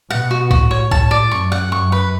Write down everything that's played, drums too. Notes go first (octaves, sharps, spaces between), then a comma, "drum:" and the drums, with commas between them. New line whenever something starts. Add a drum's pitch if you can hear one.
B2 F#5
F#4
A2 F#4, drum: kick C2
C#5
A5, drum: kick C2
D5
F#2 C#6
F#5
F#2 C#6
B4